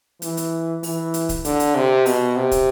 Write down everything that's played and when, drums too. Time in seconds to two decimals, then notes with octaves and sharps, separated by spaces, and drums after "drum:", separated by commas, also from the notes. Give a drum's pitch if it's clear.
0.22 E3, drum: hi-hat
0.37 drum: hi-hat
0.83 E3, drum: open hi-hat
1.14 drum: hi-hat
1.29 drum: kick, hi-hat
1.45 D3, drum: hi-hat
1.60 drum: hi-hat
1.75 C3
2.06 B2, drum: open hi-hat
2.36 C3
2.51 drum: kick, hi-hat